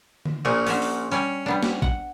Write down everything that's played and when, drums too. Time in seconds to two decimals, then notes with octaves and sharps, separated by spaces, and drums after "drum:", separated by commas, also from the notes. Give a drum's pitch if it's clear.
0.26 drum: tom D3
0.45 A#1 A#2 G#4
0.67 C#4 D4 F#4, drum: open hi-hat
0.82 drum: open hi-hat
1.12 G3 C#4 D5 G#5
1.46 G3 B3 D4
1.63 drum: snare
1.82 F#5, drum: kick A#1